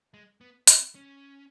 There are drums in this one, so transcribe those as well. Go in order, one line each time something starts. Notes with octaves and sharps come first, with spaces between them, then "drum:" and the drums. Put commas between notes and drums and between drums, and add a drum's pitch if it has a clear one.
G#3
B3
C4, drum: hi-hat
C#4